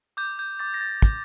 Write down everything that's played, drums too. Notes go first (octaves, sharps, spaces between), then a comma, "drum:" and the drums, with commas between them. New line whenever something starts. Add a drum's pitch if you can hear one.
D6 G6
G6
D6 A6
A#6
A6
G6, drum: kick